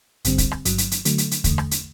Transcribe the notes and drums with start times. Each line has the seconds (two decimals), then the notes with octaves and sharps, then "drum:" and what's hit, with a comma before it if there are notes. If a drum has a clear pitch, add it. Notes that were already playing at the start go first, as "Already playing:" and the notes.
0.25 A1 G2 D3 G3 C4, drum: hi-hat
0.38 drum: kick, hi-hat
0.51 drum: rim click
0.65 G1 G2 F#3, drum: hi-hat
0.78 drum: hi-hat
0.91 drum: hi-hat
1.05 D3 F#3 A3, drum: hi-hat
1.18 drum: hi-hat
1.31 drum: hi-hat
1.44 E2 D3 A3, drum: kick, hi-hat
1.58 drum: rim click
1.71 drum: hi-hat